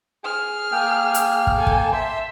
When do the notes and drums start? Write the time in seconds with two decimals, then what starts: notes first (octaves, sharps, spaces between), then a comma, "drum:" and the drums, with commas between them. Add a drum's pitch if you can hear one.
0.24 G#4 F6
0.72 A#3 G5
1.14 drum: hi-hat
1.47 drum: kick
1.57 A4 G#5
1.67 drum: kick
1.93 E5 A5 C6